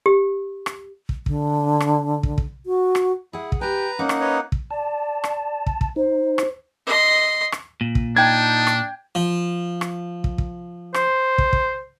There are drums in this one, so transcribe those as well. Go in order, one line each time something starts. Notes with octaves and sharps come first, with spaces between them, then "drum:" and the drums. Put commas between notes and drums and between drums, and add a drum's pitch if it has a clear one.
G4
drum: rim click
drum: kick
D3, drum: kick
drum: rim click
drum: kick
drum: kick
F#4
drum: rim click
E4 G#4 F#5
drum: kick
G4 B4 G5 G#5 A#5
A#3 C#4 D#4 F#5
drum: rim click
B4 C#5 D#5
drum: kick
D5 A5
drum: rim click
drum: kick
drum: kick
D#4 C5
drum: rim click
D#5 C6
drum: rim click
A#2
drum: kick
D4 D#4 G5 A5 G#6
drum: rim click
F3
drum: rim click
drum: kick
drum: kick
C5, drum: rim click
drum: kick
drum: kick